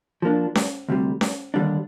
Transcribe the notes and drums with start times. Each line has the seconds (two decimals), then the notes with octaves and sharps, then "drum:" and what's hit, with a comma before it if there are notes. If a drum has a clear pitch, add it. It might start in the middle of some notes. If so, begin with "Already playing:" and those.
0.22 F3 A#3 D4
0.55 drum: snare C#4
0.89 D2 C3 G3
1.21 drum: snare C#4
1.54 D#2 D3 G3 D4